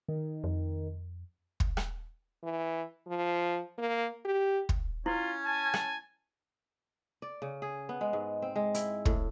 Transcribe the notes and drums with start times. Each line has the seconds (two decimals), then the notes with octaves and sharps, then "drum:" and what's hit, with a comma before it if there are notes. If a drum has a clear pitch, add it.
0.08 D#3
0.44 F2
1.60 drum: kick
1.77 drum: rim click
2.43 E3
3.07 F3
3.78 A#3
4.25 G4
4.69 drum: kick
5.06 C#4 E4 F4
5.46 G#5 A5
5.74 drum: rim click
7.22 D5
7.42 C#3
7.62 G#4
7.89 B3
8.01 G#3
8.13 G#2
8.42 C4
8.56 G#3
8.74 E4, drum: hi-hat
9.05 A2, drum: kick